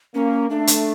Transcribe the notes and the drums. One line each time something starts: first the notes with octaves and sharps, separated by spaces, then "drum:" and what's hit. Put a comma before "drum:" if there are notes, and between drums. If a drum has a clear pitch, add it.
A#3 C#4
A3 D4
drum: hi-hat